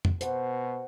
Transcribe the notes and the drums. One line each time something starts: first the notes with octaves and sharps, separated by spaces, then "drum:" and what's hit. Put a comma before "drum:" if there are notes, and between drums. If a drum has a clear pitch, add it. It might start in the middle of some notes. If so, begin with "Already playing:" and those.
drum: tom F2
B2 C5 F#5, drum: hi-hat